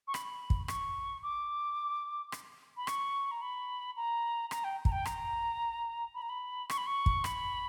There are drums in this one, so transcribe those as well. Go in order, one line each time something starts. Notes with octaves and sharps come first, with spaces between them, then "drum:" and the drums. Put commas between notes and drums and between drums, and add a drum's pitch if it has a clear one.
C#6
B5, drum: rim click
drum: kick
C#6, drum: rim click
D6
drum: rim click
B5
C#6, drum: rim click
A#5
B5
A#5
A#5, drum: rim click
G5
A#5, drum: kick
G5
A#5, drum: rim click
B5
A#5
B5
C#6, drum: rim click
B5
C#6
drum: kick
B5, drum: rim click